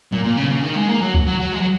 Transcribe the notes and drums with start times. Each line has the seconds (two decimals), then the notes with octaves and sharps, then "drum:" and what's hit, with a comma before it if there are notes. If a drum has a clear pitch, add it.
0.12 A#2, drum: tom F3
0.25 A#2
0.38 C#3
0.51 C#3
0.63 D#3
0.76 G#3
0.89 A#3
1.02 F#3
1.14 drum: kick C#2
1.27 F#3
1.40 F#3
1.52 G#3
1.61 F#3